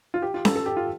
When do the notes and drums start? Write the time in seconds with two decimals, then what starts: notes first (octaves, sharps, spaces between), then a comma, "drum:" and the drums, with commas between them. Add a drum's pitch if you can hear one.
0.14 F4
0.22 G4
0.34 F4
0.45 A4, drum: snare C#4
0.56 A4
0.66 G4
0.77 F4